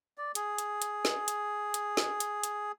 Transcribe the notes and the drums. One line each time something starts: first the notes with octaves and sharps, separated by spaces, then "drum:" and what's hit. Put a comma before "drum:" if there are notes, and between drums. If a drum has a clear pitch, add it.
D5
G#4, drum: hi-hat
drum: hi-hat
drum: hi-hat
drum: snare
drum: hi-hat
drum: hi-hat
drum: snare
drum: hi-hat
drum: hi-hat